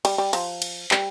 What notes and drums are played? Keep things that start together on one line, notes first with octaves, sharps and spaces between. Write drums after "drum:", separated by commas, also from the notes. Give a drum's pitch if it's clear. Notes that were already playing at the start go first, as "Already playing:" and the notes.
G3, drum: cymbal
G3
F3, drum: cymbal
drum: cymbal
G3, drum: clap